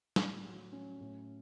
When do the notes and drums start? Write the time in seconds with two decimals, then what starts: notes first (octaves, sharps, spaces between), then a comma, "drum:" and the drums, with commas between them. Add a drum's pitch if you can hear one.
0.16 A2, drum: snare
0.44 F#3
0.72 C#4
1.00 A2